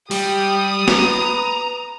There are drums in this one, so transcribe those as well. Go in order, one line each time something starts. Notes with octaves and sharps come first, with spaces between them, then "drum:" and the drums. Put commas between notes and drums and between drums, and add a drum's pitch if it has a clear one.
G3 G4 D#6, drum: open hi-hat
B4 A#5, drum: snare